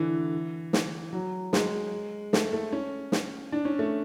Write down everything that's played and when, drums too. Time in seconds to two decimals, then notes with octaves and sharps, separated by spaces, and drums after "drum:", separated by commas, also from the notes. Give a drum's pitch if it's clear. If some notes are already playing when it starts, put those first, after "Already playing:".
Already playing: D3 E3
0.73 drum: snare
1.13 F#3
1.53 G#3, drum: snare
2.33 A3, drum: snare
2.53 A3
2.73 C#4
3.12 drum: snare
3.52 D4
3.65 C#4
3.79 A3